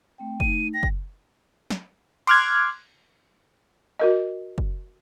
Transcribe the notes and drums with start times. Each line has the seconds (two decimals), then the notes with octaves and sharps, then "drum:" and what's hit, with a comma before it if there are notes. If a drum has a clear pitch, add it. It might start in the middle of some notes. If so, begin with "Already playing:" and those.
0.18 A3 C4 G5
0.40 A3 D#4 D#7, drum: kick
0.74 G5 A#6
0.83 drum: kick
1.70 drum: snare
2.27 C6 D6 F6 F#6 G#6, drum: cymbal
3.99 F#4 A#4 D#5
4.58 drum: kick